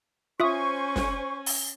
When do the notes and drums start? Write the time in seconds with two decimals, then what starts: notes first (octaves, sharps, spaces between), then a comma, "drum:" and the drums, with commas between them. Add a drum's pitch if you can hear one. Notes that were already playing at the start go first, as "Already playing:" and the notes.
0.40 C#4 F4 C5 E5 G#5 C#6 D#6
0.96 drum: snare
1.46 drum: open hi-hat